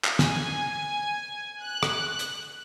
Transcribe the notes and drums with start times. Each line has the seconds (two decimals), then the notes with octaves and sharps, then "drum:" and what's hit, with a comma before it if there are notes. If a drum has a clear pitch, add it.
0.05 drum: clap
0.19 G#5, drum: snare
1.62 F#6
1.83 drum: rim click
2.19 drum: hi-hat